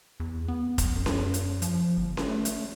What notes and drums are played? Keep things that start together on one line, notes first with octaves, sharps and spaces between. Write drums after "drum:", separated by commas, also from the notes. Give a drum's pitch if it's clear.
E2
B3
A#1, drum: kick F1, hi-hat
F#2
drum: snare C#4
drum: hi-hat
F3, drum: hi-hat
G1
drum: snare C#4
A3
drum: hi-hat